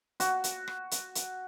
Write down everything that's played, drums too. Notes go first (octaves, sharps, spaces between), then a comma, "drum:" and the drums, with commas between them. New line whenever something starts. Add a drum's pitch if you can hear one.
F#4, drum: hi-hat
drum: hi-hat
drum: rim click
drum: hi-hat
drum: hi-hat